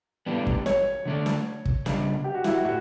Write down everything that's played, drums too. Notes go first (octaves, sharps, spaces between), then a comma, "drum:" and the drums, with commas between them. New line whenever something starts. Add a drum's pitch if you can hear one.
A2 G3 B3 D4 G4
drum: kick
C#5, drum: snare
D3 A3 D4 A4 D5
drum: snare
drum: kick
C#3 G3 D4, drum: snare
G4
F#4
E4, drum: snare
F#4
A2 F#4